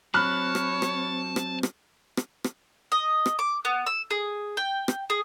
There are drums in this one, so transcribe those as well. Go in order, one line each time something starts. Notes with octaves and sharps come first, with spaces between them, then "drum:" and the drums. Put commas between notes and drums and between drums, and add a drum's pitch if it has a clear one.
F#3 C4 C#5 A5 B5 F6 F#6
drum: rim click
drum: rim click
drum: rim click
drum: rim click
drum: rim click
drum: rim click
D#5
drum: rim click
D6
B3
E6
G#4
G5
drum: rim click
G#4